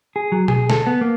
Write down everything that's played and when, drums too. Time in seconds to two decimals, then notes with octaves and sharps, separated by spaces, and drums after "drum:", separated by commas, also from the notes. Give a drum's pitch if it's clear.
0.16 G#4
0.32 F#3
0.48 G#4, drum: tom B2
0.70 A4, drum: snare
0.87 B3
1.01 A#3